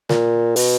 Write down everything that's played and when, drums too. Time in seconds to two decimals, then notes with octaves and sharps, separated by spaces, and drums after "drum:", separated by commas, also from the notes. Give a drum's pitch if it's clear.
0.09 A#2, drum: snare
0.56 B2, drum: open hi-hat